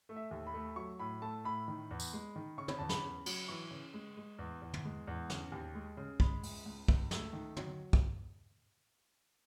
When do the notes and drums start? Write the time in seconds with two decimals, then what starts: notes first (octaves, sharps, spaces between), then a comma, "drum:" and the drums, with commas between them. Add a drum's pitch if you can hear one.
0.09 A3
0.16 E5
0.31 D#2
0.47 B5
0.54 A3
0.76 F#3 C#6
0.99 A2 B5
1.22 A3 A5
1.44 A2 B5
1.68 D#3
1.91 E2
2.00 drum: tambourine
2.13 G#3
2.36 D#3
2.58 C#3 C#6
2.68 B5, drum: tom
2.78 E2 A5
2.89 B5, drum: snare
3.03 C#3
3.26 F#3, drum: cymbal
3.48 E3 C#6
3.71 C#3
3.94 G#3
4.17 G#3
4.39 E2
4.62 E2
4.73 drum: tom
4.85 G#3
5.07 E2
5.30 C#3, drum: snare
5.52 D#2
5.75 G#3
5.97 C#3
6.20 G#3 B5, drum: kick
6.43 C#2, drum: open hi-hat
6.66 C#2
6.88 C#2, drum: kick
7.11 A3, drum: snare
7.33 D#3
7.57 F#3, drum: tom
7.93 drum: kick